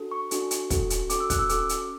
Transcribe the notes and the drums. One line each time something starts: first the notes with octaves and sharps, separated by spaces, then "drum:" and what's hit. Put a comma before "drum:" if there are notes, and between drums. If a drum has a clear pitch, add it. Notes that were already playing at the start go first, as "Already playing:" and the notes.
Already playing: D4 F#4 A4
C#6
D4 F#4 A4, drum: hi-hat
drum: hi-hat
C#4 F#4 A4, drum: kick, hi-hat
drum: hi-hat
C#4 F#4 A4 D6, drum: hi-hat
E6
F#6, drum: kick, hi-hat
E6
C#4 F#4 A4 D6, drum: hi-hat
drum: hi-hat